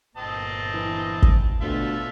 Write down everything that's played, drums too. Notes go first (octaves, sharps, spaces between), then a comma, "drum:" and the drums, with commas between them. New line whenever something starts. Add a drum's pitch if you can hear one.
G1 A#2 C4 D#5 A5
E3
drum: kick
D2 B2 A3 F4 E5